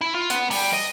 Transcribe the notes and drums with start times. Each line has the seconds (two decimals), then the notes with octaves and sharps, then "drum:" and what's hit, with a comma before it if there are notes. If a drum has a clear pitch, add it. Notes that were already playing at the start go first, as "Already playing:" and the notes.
0.01 E4
0.15 F4
0.30 B3, drum: hi-hat
0.51 G3, drum: open hi-hat
0.73 D#5